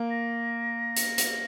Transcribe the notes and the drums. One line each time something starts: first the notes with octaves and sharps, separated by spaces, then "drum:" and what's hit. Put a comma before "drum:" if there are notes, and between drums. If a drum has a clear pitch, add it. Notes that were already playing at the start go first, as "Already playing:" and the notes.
Already playing: A#3
A#6
drum: hi-hat
drum: hi-hat